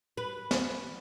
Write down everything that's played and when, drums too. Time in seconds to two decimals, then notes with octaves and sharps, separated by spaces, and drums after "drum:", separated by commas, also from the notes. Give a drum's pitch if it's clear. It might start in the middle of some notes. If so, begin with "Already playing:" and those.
0.17 B4
0.51 drum: snare